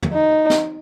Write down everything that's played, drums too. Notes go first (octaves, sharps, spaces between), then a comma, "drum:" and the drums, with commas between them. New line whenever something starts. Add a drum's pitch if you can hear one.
drum: tom
D#4
drum: snare